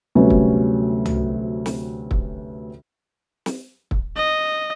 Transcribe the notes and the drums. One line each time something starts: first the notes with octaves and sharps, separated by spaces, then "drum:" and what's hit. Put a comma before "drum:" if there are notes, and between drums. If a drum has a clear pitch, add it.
D2 C3 F#3 G3 B3 C#4
drum: kick
drum: tom
drum: snare
drum: kick
drum: snare
drum: kick
D#5